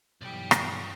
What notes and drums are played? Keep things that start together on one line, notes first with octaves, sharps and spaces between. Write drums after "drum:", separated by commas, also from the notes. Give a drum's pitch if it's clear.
B1 G2 E3 G4 D5 B5
drum: rim click